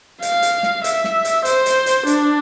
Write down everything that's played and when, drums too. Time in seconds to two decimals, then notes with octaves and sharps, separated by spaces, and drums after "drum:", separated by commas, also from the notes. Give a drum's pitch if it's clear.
0.22 F5, drum: hi-hat
0.43 drum: hi-hat
0.63 drum: snare
0.84 E5, drum: hi-hat
1.04 drum: snare
1.25 drum: hi-hat
1.45 C5, drum: hi-hat
1.66 drum: hi-hat
1.86 drum: hi-hat
2.07 D4, drum: hi-hat